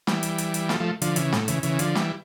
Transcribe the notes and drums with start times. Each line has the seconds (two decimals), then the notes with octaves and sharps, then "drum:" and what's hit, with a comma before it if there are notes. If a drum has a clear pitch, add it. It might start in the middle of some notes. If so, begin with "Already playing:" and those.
0.07 E3 G3, drum: snare
0.23 drum: hi-hat
0.38 drum: hi-hat
0.54 drum: hi-hat
0.69 F3 A3, drum: snare
0.80 F3 A3
1.02 D3 F3, drum: hi-hat
1.16 C#3 E3, drum: hi-hat
1.32 A2, drum: snare
1.48 C#3 E3, drum: hi-hat
1.63 C#3 E3, drum: hi-hat
1.79 D3 F3, drum: hi-hat
1.95 E3 G3, drum: snare